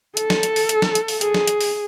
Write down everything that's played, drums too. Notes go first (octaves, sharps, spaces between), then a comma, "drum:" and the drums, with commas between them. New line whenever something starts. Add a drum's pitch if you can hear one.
A4, drum: hi-hat
drum: snare
drum: hi-hat
drum: open hi-hat
drum: hi-hat
drum: snare
drum: hi-hat
drum: open hi-hat
G#4, drum: hi-hat
drum: snare
drum: hi-hat
drum: open hi-hat